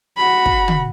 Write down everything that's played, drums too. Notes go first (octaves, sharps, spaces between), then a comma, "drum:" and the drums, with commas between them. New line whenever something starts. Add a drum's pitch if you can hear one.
F#4 B5
drum: kick
drum: tom